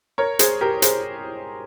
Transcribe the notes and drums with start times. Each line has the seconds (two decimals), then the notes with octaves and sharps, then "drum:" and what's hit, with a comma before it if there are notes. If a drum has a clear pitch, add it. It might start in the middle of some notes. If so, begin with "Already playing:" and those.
0.18 A#4 C#5
0.39 G#4 C5, drum: hi-hat
0.61 G4 A#4
0.82 G#4 C5, drum: hi-hat